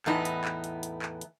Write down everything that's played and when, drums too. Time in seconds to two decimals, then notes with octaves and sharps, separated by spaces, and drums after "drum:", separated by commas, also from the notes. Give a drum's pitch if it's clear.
0.06 E2 A2 B3 D#4 E4, drum: clap
0.25 drum: hi-hat
0.45 drum: clap
0.64 drum: hi-hat
0.83 drum: hi-hat
1.02 drum: clap
1.21 drum: hi-hat